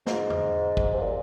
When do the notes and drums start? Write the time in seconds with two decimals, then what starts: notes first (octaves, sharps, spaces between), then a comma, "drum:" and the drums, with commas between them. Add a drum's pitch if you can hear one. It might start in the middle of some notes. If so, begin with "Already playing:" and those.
0.06 G#2, drum: snare
0.30 drum: tom E2
0.77 drum: kick
0.94 C3
1.01 A#2